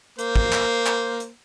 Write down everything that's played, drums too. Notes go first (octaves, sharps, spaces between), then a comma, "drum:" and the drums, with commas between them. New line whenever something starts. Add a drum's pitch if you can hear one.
A#3 C5, drum: hi-hat
drum: kick
drum: clap
drum: clap
drum: hi-hat